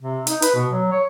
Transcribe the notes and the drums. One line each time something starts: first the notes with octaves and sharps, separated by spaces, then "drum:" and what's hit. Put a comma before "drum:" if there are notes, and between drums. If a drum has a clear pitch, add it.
C3
D#4, drum: hi-hat
B4, drum: hi-hat
B2
F#3
C#5